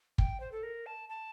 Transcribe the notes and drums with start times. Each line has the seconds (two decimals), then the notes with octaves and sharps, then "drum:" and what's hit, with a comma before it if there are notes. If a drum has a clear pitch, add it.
0.18 G5, drum: kick
0.40 C5
0.52 A4
0.63 A#4
0.86 A5
1.09 A5